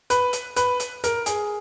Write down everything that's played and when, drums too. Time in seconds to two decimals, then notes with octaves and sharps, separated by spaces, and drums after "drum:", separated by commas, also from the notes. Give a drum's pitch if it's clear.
0.10 B4, drum: hi-hat
0.33 drum: hi-hat
0.56 B4, drum: hi-hat
0.80 drum: hi-hat
1.04 A#4, drum: hi-hat
1.26 G#4, drum: hi-hat